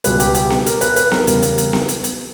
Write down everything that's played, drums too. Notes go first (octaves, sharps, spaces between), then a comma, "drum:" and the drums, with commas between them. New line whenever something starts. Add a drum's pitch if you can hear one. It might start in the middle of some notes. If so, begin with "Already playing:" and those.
C#2 B2 G3 B3 B4, drum: hi-hat
G4, drum: hi-hat
G4, drum: hi-hat
drum: snare B3
A#4, drum: hi-hat
B4, drum: hi-hat
B4, drum: hi-hat
A#4, drum: snare B3
E2 C#3 G3 B3 A#4, drum: hi-hat
A#4, drum: hi-hat
drum: hi-hat
drum: snare B3
drum: hi-hat
drum: hi-hat